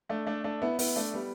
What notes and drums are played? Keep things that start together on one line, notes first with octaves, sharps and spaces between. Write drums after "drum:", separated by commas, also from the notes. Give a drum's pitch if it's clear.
A3 D4
A3 D4
A3 D4
B3 E4
B3 E4, drum: open hi-hat
A3 D4
G3 B3